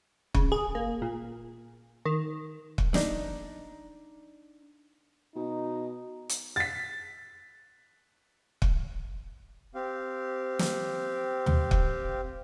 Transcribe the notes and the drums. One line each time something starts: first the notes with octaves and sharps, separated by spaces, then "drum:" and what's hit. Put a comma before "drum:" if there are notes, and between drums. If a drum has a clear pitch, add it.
C#3, drum: kick
G#4
A#3
A#2
D#3
drum: kick
D4 D#4, drum: snare
B2 D#4
drum: hi-hat
A6 B6
drum: kick
C4 G4 F5
drum: snare
drum: tom
drum: kick